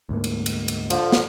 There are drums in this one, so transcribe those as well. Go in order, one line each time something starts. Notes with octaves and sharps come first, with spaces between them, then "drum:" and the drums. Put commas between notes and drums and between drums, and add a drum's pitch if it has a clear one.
D2 G#2 A#3
drum: cymbal
drum: cymbal
drum: cymbal
D3 F3, drum: cymbal
drum: snare